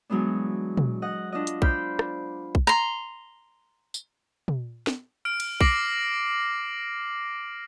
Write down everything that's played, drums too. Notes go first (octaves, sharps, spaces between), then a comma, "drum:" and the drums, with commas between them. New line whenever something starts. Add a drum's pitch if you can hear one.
E3 F#3 G#3 B3 D4
drum: tom
D#5 F#5
D4 F4 D#5
drum: hi-hat
C5 D5 B5 F6 G6, drum: kick B1
drum: rim click
drum: kick B1
A#5 C6
drum: tambourine
drum: tom
drum: snare
F6 D7
drum: cymbal
D6 A#6 C7 D7 F#7, drum: kick B1